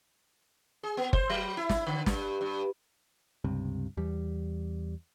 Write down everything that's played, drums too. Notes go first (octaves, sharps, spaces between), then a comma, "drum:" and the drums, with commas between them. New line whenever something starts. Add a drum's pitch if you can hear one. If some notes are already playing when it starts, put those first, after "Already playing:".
G#4
B3
C5, drum: kick
F#3
E4
drum: snare
D3
G2, drum: snare
G2
C#2 G2 C3
E2 G3